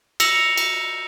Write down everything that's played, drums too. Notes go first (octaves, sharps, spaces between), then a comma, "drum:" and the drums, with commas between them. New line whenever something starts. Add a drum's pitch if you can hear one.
E6 A#6 C#7 F7 F#7, drum: cymbal
drum: cymbal